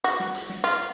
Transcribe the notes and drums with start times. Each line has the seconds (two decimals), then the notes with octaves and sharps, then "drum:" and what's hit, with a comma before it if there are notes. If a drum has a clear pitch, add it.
0.04 F#4, drum: hi-hat
0.20 drum: snare
0.35 drum: hi-hat
0.50 drum: snare
0.64 F4, drum: hi-hat